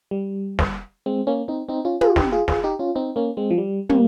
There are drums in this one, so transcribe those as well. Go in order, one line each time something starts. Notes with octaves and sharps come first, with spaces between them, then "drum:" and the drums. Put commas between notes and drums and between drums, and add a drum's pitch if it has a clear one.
G3
drum: snare
G#3 C4
A#3 C#4
C4 D#4
C4 D#4
C#4 F4
F4 G#4, drum: tom
D#4 G4, drum: snare
F4 G#4
F4 G#4, drum: snare
D#4 G4
C#4 F4
C4 D#4
A#3 C#4
G#3 C4
F3
G3
G3 A#3, drum: tom